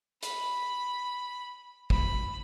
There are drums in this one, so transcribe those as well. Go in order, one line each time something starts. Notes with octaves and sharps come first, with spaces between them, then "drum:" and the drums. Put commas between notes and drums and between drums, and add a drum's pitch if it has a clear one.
B5, drum: hi-hat
B5, drum: kick